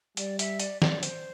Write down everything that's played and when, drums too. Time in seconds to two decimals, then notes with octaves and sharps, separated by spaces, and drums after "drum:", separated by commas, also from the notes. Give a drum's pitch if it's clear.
0.17 G3 D5, drum: hi-hat
0.39 E5, drum: hi-hat
0.60 D5, drum: hi-hat
0.82 D5, drum: snare
1.03 C5, drum: hi-hat